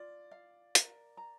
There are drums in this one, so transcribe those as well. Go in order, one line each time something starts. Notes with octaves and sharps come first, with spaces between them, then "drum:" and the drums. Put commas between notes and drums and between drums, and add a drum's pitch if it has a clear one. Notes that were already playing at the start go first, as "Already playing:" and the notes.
Already playing: F4 D5
F5
A#4, drum: hi-hat
A#5